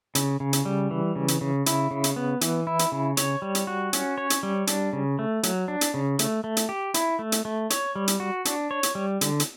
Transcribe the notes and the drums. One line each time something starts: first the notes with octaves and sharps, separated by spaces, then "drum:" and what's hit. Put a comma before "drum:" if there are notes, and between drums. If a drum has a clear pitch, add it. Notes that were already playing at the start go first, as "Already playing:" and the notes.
C#3, drum: hi-hat
C#3
drum: hi-hat
G3
E3
C#3
drum: hi-hat
C#3
E4, drum: hi-hat
C#3
drum: hi-hat
B3
E3, drum: hi-hat
E4
drum: hi-hat
C#3
C#5, drum: hi-hat
G3
drum: hi-hat
F#4
C#4, drum: hi-hat
C#5
drum: hi-hat
G3
D4, drum: hi-hat
C#3
A3
F#3, drum: hi-hat
D4
drum: hi-hat
C#3
A3, drum: hi-hat
A3
drum: hi-hat
G4
E4, drum: hi-hat
A3
drum: hi-hat
A3
C#5, drum: hi-hat
G3
drum: hi-hat
F#4
D4, drum: hi-hat
C#5
drum: hi-hat
G3
D3, drum: hi-hat
drum: hi-hat